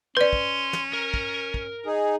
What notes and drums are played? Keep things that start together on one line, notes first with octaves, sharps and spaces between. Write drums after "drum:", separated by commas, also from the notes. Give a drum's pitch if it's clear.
C#4 B4 D5 C6
drum: kick
drum: snare
A#4
drum: kick
drum: kick
D#4 G#4